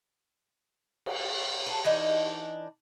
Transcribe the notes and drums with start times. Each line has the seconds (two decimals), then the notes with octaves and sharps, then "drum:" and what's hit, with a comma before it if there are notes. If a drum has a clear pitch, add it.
1.06 drum: cymbal
1.67 A4 B4
1.85 E3 D4 D#4